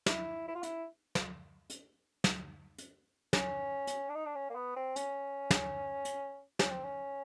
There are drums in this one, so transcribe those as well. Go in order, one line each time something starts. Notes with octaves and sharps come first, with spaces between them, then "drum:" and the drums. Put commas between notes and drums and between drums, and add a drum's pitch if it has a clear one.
E4, drum: snare
E4
F4
E4, drum: hi-hat
drum: snare
drum: hi-hat
drum: snare
drum: hi-hat
C#4, drum: snare
drum: hi-hat
D4
D#4
D4
C#4
A#3
B3
C4
C#4, drum: hi-hat
drum: snare
drum: hi-hat
C#4, drum: snare
C4
C#4